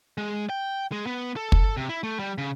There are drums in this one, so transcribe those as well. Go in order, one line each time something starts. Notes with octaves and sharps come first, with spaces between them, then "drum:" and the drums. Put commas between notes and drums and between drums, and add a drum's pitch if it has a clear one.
G#3
G5
G#3
B3
A4
drum: kick
C3
E4
A3
G3
C#3